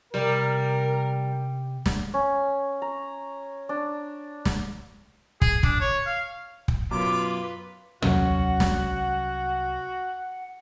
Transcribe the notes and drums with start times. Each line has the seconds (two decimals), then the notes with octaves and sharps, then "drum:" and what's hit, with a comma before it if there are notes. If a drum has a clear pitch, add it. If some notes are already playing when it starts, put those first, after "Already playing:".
0.14 C3 G3 A#4
1.86 drum: snare
2.14 C#4
2.82 A#5
3.69 D4
4.45 drum: snare
5.42 G#4, drum: kick
5.63 D4, drum: kick
5.80 C#5
6.07 F5
6.68 drum: kick
6.91 F#2 B2 F4 B4 D6
8.02 C2 F#3 C#4 F#4 F#5, drum: tom
8.60 drum: snare